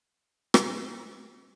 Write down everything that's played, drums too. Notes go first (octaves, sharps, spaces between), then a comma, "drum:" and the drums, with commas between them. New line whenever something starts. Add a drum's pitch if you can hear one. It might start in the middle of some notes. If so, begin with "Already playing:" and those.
Already playing: C#2 B2 G#3 C#4 D#5
drum: rim click